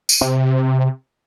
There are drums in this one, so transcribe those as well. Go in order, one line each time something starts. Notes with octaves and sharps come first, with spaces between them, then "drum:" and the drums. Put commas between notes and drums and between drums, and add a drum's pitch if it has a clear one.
drum: tambourine
C3